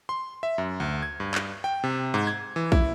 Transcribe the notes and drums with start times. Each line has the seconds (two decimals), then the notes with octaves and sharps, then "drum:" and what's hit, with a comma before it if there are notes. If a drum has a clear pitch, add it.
0.09 C6
0.43 E5
0.58 F#2
0.80 D2
1.02 G#6
1.20 G2
1.35 drum: clap
1.64 G5
1.84 C3
2.14 G#2
2.27 G#6
2.56 E3
2.72 E4, drum: kick